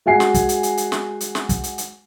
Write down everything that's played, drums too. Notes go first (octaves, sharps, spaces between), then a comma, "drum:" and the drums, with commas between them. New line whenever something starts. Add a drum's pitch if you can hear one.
G#3 F#4 G#5 C7
drum: snare
drum: kick, hi-hat
drum: hi-hat
drum: hi-hat
drum: hi-hat
drum: snare
drum: hi-hat
drum: snare
drum: kick, hi-hat
drum: hi-hat
drum: hi-hat